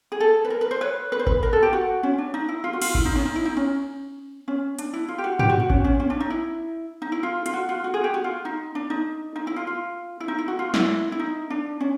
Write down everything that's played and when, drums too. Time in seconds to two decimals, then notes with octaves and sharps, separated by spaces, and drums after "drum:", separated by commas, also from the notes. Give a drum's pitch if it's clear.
0.12 G#4
0.20 A4
0.45 B4
0.50 A#4
0.61 B4
0.71 C5
0.81 B4 C#5
1.12 B4
1.19 C5
1.27 B4, drum: kick G#1
1.43 A#4
1.53 A4
1.63 G4
1.73 F#4
2.03 C#4
2.18 D4
2.34 D#4
2.49 E4
2.64 F4
2.73 F#4
2.82 F4, drum: cymbal
2.95 E4, drum: kick G#1
3.05 D#4
3.15 C#4
3.25 D#4
3.36 E4
3.45 D#4
3.57 C#4
4.48 C#4
4.79 D4, drum: hi-hat
4.93 E4
5.08 F4
5.18 G4
5.24 F#4
5.39 G4, drum: tom
5.50 F#4
5.60 F#4
5.70 C#4, drum: kick G#1
5.84 C#4
6.00 C#4
6.10 D4
6.20 D#4
6.30 E4
7.02 D#4
7.12 E4
7.23 F4
7.46 F4, drum: hi-hat
7.53 F#4
7.69 F4
7.84 F#4
7.94 G#4
8.04 G4
8.14 F#4
8.24 F4
8.45 D#4
8.75 D4
8.90 D#4
9.36 D#4
9.47 E4
9.56 F4
9.67 F4
10.20 E4
10.28 D#4
10.38 E4
10.48 F#4
10.59 F4
10.74 E4, drum: snare
11.12 E4
11.20 D#4
11.50 D4
11.80 C#4